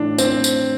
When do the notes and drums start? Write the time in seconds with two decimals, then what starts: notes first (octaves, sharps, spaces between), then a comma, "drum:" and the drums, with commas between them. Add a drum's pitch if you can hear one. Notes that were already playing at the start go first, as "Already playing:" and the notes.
Already playing: A2 E3 D4
0.18 C4, drum: tambourine
0.44 drum: tambourine